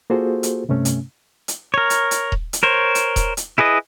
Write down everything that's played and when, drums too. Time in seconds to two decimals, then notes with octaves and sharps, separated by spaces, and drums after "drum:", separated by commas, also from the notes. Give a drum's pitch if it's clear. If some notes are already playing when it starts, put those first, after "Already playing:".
0.10 A#3 F4 F#4 G#4 A4 C5
0.43 drum: hi-hat
0.69 G2 C3 A3 C#4
0.85 drum: hi-hat
1.48 drum: hi-hat
1.74 A#4 C#5
1.90 drum: hi-hat
2.11 drum: hi-hat
2.32 drum: kick D#1
2.53 drum: hi-hat
2.63 A#4 C5 C#5
2.95 drum: hi-hat
3.16 drum: kick D#1, hi-hat
3.37 drum: hi-hat
3.58 E4 G#4 B4 D#5